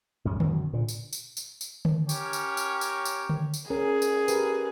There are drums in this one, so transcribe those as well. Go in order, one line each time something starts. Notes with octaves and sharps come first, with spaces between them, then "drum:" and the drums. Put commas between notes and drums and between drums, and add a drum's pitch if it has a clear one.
A1 F#2 C#4
B1 F#2, drum: tom D3
A#2 D3
drum: tambourine
drum: tambourine
drum: tambourine
drum: tambourine
drum: tom D3
C#4 G4 A#4 C#5, drum: tambourine
drum: tambourine
drum: tambourine
drum: tambourine
drum: tambourine
drum: tom D3
drum: tambourine
C#4 G#4 A#4
drum: tambourine
G4 A#4 B4, drum: tambourine